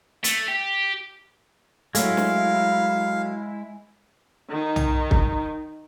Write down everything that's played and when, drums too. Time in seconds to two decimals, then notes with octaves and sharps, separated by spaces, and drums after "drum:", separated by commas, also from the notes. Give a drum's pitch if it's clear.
0.24 A3, drum: hi-hat
0.48 G4
1.95 F#3 G#3 A3 E4 F5, drum: hi-hat
2.17 drum: snare
4.50 D#3 D#4
4.76 drum: tom
5.11 drum: kick